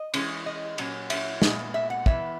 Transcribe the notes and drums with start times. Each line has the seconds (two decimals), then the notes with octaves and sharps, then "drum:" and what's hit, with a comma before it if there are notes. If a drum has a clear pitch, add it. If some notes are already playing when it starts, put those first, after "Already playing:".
Already playing: D#5
0.14 E3 G#3 C#4, drum: cymbal
0.46 D#5
0.78 A#2 F#3 C#4, drum: cymbal
1.10 E5, drum: cymbal
1.42 A#2 G#3 B3, drum: snare
1.74 E5
1.90 F#5
2.06 E3 B3 E5, drum: kick